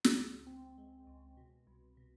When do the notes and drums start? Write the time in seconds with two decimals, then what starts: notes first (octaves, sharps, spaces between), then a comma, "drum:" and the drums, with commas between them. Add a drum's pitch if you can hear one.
0.04 drum: snare
0.17 C#2
0.47 C4
0.78 G#3
1.07 C#2
1.37 B2
1.67 C2
1.97 B2